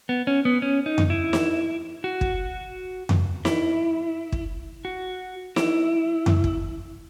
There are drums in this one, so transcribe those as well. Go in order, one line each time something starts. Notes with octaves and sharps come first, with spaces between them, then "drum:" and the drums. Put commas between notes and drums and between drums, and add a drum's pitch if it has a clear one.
B3
C#4
B3
C#4
D#4
drum: tom F2
E4
drum: snare
F#4
drum: kick
drum: tom F2
E4, drum: snare
drum: kick
F#4
E4, drum: snare
drum: tom F2
drum: kick